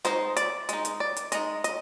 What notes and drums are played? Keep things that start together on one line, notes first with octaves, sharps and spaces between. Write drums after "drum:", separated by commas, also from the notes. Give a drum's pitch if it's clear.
G#3 D#4 C5, drum: hi-hat
D5, drum: hi-hat
G#3 D#4, drum: hi-hat
drum: hi-hat
D5
drum: hi-hat
G#3 D#4 D#5, drum: hi-hat
D#5, drum: hi-hat